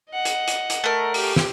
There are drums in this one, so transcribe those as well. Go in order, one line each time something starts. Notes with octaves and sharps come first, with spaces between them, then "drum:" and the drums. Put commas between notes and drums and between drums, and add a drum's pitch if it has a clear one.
D#5 F#5
drum: hi-hat
drum: hi-hat
drum: hi-hat
A3 A#4
G4, drum: open hi-hat
drum: snare